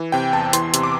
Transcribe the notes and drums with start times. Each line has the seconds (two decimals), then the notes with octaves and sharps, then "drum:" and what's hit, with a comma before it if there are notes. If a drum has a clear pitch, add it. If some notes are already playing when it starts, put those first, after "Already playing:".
Already playing: E3
0.12 C3 G5
0.33 E2 A5
0.53 E3 C6, drum: hi-hat
0.74 C3, drum: hi-hat
0.83 D6